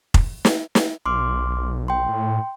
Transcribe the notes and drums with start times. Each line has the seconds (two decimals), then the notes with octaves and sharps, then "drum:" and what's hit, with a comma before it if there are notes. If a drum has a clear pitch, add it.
0.14 drum: kick F1
0.45 drum: snare
0.75 drum: snare
1.06 B1 C6 D6 F6
1.88 G5 C6
2.08 A2